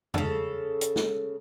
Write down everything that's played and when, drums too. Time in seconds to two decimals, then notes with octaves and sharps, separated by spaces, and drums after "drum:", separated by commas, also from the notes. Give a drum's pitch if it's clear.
0.14 C#3 A4, drum: tom E2
0.81 drum: hi-hat
0.96 drum: snare